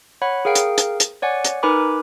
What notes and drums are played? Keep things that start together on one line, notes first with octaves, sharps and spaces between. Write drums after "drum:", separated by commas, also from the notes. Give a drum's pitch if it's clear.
C#5 F#5 B5
G#4 A#4 F5 G5 D7
drum: hi-hat
drum: hi-hat
drum: hi-hat
C#5 D5 F#5 G#5
drum: hi-hat
D#4 A#4 B4 G#5 B5 D6